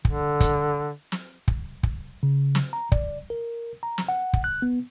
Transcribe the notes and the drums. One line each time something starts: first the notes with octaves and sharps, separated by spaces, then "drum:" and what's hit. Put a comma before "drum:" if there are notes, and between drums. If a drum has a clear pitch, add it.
D3, drum: kick
drum: kick, hi-hat
drum: snare
drum: kick
drum: kick
C#3
drum: snare
A#5
D5, drum: kick
A#4
A#5
drum: snare
F#5
drum: kick
F#6
B3